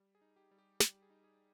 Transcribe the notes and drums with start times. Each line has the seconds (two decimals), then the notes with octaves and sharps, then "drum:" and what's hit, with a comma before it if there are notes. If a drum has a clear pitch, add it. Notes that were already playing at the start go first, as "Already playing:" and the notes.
Already playing: G3
0.15 G#4
0.21 D#4
0.36 G4
0.51 G3
0.58 G4
0.80 G3 G4, drum: snare
1.02 G#4
1.10 D#4
1.24 G#4